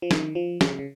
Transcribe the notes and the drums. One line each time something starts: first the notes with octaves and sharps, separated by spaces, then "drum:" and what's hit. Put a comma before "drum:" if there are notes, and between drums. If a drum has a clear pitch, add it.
F3
D#3, drum: snare
F3
C#3, drum: snare
C#3